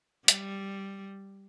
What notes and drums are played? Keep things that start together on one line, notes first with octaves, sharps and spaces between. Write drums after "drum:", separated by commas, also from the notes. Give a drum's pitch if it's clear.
G3, drum: hi-hat